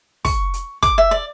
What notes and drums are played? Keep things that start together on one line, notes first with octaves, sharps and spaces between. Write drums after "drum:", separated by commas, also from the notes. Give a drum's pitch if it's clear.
C#6, drum: kick, open hi-hat
drum: hi-hat
D6, drum: kick, hi-hat
E5
D5